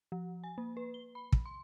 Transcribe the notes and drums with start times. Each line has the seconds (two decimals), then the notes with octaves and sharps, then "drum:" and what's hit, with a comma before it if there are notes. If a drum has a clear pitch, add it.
0.12 F3
0.44 G#5
0.58 A#3
0.77 B4
0.94 G7
1.15 B5
1.32 drum: kick
1.46 C6